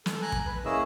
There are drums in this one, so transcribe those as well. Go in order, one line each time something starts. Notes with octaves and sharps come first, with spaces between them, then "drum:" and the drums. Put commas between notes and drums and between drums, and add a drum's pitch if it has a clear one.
A4, drum: snare
G#5 A#5 F#6
drum: kick
B4
A#3 C#4 E4 G#4 D#5 E6